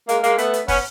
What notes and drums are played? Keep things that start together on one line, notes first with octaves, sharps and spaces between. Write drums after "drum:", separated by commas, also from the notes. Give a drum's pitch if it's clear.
G#3 A#3, drum: hi-hat
G#3 A#3, drum: hi-hat
A3 B3, drum: hi-hat
drum: hi-hat
B3 C#4, drum: kick, open hi-hat